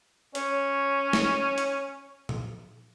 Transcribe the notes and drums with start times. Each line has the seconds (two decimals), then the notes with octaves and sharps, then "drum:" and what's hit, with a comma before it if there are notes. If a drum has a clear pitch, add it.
0.35 C#4 C#5, drum: hi-hat
1.13 drum: snare
1.58 drum: hi-hat
2.29 drum: tom